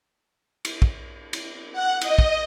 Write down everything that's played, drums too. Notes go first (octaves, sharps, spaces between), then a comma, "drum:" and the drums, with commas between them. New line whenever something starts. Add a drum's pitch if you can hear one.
drum: cymbal
drum: kick
drum: cymbal
F#5
D#5, drum: cymbal
drum: kick